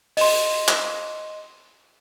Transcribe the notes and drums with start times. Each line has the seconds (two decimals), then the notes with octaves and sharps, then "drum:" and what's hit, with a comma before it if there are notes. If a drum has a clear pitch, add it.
0.17 D#5 C6, drum: open hi-hat
0.68 drum: clap